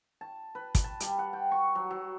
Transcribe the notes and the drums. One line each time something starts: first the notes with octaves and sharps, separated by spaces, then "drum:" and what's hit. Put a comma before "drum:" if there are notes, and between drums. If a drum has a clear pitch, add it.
A5
B4
drum: kick, hi-hat
A5
G3, drum: hi-hat
F#5
G5
C#6
F#3
F#3